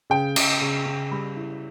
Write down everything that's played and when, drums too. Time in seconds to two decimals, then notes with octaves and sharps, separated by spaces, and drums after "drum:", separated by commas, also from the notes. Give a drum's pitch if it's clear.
0.10 C#3 G5
0.36 C#3, drum: cymbal
0.61 C#3
0.86 C#3
1.11 G3 B5
1.37 E4